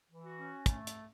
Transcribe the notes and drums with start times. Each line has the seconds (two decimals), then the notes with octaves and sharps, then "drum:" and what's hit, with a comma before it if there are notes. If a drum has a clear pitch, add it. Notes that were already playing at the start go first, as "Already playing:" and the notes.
0.11 E3
0.24 F#4
0.38 C#4
0.66 A3, drum: kick, hi-hat
0.87 drum: hi-hat